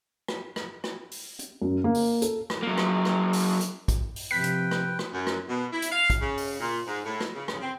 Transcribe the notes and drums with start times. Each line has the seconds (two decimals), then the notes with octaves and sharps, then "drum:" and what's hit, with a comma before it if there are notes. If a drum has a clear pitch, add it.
0.28 drum: rim click
0.56 drum: rim click
0.84 drum: rim click
1.12 drum: open hi-hat
1.39 drum: hi-hat
1.62 F#2
1.84 A#3
1.95 drum: open hi-hat
2.22 A4, drum: hi-hat
2.50 drum: rim click
2.63 F#3 A#3
2.78 drum: rim click
3.05 drum: rim click
3.33 drum: open hi-hat
3.61 drum: hi-hat
3.88 drum: kick, hi-hat
4.16 drum: open hi-hat
4.31 C3 F3 B4 G5 B6
4.44 drum: hi-hat
4.71 drum: rim click
4.99 drum: rim click
5.13 F#2
5.27 drum: rim click
5.49 B2
5.73 E4
5.82 drum: hi-hat
5.91 F5
6.10 drum: kick, hi-hat
6.21 C#3
6.37 drum: open hi-hat
6.60 A#2
6.87 G#2
7.05 A2
7.21 drum: rim click
7.35 C#3
7.48 drum: rim click
7.62 C4